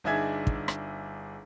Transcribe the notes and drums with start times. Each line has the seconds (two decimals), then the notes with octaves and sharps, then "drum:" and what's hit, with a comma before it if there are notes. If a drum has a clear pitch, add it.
0.04 G1 D4 D#4 G#4 E5 G#6
0.47 drum: kick
0.68 drum: rim click